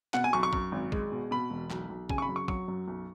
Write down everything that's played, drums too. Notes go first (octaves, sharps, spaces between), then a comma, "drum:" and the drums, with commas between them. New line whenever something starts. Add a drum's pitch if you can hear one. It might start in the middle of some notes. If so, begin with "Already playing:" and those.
B2 F#5, drum: clap
G#5
B1 C#6
C#6
F#2, drum: kick
G#1
G#3, drum: kick
B2
B2 B5
E1
B1, drum: clap
B1
C#3 G#5, drum: kick
C#6
B5
F#2
C#6
F#3 C#6, drum: kick
F#2
B1